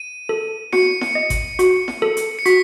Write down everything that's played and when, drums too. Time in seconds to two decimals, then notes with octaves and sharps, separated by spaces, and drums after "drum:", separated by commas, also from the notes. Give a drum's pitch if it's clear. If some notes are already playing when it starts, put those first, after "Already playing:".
Already playing: D#7
0.29 A4
0.73 F#4 C#7, drum: snare E4
1.01 drum: snare E4
1.15 D#5
1.30 drum: kick, hi-hat
1.59 F#4, drum: hi-hat
1.88 drum: snare E4
2.02 A4
2.17 drum: hi-hat
2.39 C#7
2.46 F#4 B6, drum: hi-hat